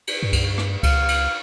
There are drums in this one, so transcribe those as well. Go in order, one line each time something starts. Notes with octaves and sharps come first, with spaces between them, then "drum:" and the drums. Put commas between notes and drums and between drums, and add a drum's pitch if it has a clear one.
drum: cymbal
G2
drum: kick C#2, cymbal
drum: rim click
C#2 F5, drum: kick C#2, cymbal
drum: cymbal